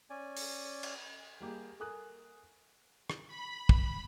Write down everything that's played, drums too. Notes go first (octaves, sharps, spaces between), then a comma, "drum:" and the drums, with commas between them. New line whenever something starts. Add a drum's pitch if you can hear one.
C#4 D5 G#5
drum: open hi-hat
drum: cymbal
G3 A#3 G4 G#4
A4 A#4 G#5 D#6 F#6
drum: rim click
B5
drum: kick